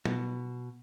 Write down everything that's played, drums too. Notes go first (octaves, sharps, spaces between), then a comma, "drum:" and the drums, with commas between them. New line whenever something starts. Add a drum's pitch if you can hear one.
B2, drum: tom